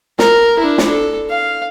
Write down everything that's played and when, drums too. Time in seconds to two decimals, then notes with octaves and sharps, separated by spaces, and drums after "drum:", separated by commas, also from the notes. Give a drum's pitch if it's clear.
0.19 A#4, drum: snare
0.59 D4 E4
0.78 drum: snare
0.90 A4
1.29 F5